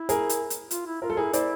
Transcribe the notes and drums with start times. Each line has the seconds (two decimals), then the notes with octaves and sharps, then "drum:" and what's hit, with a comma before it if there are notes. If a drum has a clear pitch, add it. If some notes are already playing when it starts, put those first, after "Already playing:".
Already playing: E4
0.09 G#4 A#4, drum: hi-hat
0.29 drum: hi-hat
0.50 drum: hi-hat
0.71 F4, drum: hi-hat
0.86 E4
1.02 F4 A#4
1.10 A4
1.17 E4 G#4 A#4
1.33 E4 C5 D5, drum: hi-hat